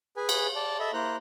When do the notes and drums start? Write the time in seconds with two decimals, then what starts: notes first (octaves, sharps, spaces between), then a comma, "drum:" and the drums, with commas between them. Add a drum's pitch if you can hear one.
0.17 G#4 B4 G#5
0.29 drum: cymbal
0.56 D5 A5
0.80 A4 D#5 E5 B5
0.93 A#3 E4 C5 A#5 F#6